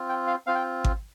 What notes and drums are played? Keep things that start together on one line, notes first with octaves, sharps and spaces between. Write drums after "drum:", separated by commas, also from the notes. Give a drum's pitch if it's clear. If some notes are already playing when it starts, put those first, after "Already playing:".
Already playing: C4 F4
G5
F5
C4 F4 F5
G5
drum: kick G#1